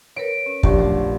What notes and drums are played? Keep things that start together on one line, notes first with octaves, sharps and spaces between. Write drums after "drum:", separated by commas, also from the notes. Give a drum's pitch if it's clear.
A#4 B4 C#5 D7
C#4
A#1 G4 C#6, drum: kick
F#3 A3